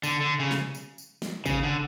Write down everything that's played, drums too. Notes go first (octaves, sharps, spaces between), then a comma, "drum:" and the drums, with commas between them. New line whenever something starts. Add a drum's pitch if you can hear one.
D3, drum: tambourine
D3
C#3
drum: snare
drum: tambourine
drum: tambourine
drum: snare
C#3, drum: kick, tambourine
D3